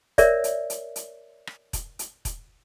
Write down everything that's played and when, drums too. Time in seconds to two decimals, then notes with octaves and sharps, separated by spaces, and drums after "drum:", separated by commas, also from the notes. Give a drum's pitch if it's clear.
0.18 A#4 C#5 D5 E5, drum: kick E1, hi-hat
0.44 drum: hi-hat
0.70 drum: hi-hat
0.96 drum: hi-hat
1.47 drum: rim click
1.73 drum: kick E1, hi-hat
1.99 drum: hi-hat
2.25 drum: kick E1, hi-hat